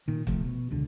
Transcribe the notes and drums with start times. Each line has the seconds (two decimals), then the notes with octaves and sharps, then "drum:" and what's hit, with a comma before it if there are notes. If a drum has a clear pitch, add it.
0.08 A#2 D#3
0.27 C2 C3 F3 A3, drum: kick
0.41 B2
0.70 E1 C#2 D3